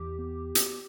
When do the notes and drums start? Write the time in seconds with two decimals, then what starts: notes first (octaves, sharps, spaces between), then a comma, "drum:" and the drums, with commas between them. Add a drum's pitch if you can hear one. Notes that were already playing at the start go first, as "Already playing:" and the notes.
Already playing: E2 G4
0.19 B3
0.55 drum: hi-hat